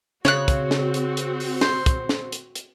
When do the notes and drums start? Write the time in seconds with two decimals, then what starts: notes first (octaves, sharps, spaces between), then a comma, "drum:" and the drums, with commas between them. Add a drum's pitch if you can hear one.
0.25 C#3 C4 F#4 C#5 F#6, drum: snare
0.48 drum: kick, hi-hat
0.71 drum: snare
0.94 drum: hi-hat
1.17 drum: hi-hat
1.40 drum: open hi-hat
1.61 C5, drum: snare
1.86 drum: kick, hi-hat
2.09 drum: snare
2.32 drum: hi-hat
2.55 drum: hi-hat